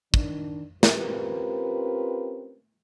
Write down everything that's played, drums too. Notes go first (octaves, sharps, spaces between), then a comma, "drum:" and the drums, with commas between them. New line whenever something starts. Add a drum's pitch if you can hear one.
D#3 D4, drum: kick
C4 C#4 F4 G4 A#4 B4, drum: snare